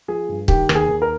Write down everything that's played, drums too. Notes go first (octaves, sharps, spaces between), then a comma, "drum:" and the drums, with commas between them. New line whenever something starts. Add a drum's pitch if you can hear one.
F3 G#4
G2
D#3 G4, drum: kick
D#2, drum: rim click
G#4
D#2
A#4